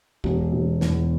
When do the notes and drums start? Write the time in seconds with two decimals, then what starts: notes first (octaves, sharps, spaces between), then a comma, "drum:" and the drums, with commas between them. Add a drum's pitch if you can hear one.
0.24 E1, drum: kick
0.52 E1
0.81 E2, drum: snare